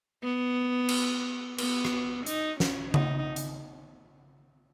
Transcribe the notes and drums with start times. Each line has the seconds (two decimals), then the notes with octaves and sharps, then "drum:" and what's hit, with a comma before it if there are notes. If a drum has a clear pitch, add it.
0.23 B3
0.89 drum: cymbal
1.58 B3, drum: cymbal
1.85 drum: rim click
2.26 D#4, drum: hi-hat
2.60 C#4, drum: snare
2.94 D#4, drum: tom C#3
3.36 drum: hi-hat